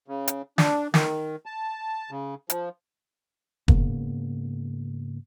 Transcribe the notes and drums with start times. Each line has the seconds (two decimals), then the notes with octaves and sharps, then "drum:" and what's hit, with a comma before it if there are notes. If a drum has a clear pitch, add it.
0.08 C#3
0.28 drum: hi-hat
0.58 D4, drum: snare
0.94 D#3, drum: snare
1.46 A5
2.11 C#3
2.50 F3, drum: hi-hat
3.68 G#2 C#3 A#3 B3, drum: kick